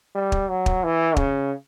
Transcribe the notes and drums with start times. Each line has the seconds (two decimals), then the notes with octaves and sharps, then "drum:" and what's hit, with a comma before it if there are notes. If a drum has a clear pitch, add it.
0.15 G3
0.32 drum: kick
0.50 F#3
0.66 drum: kick
0.84 E3
1.17 C#3, drum: kick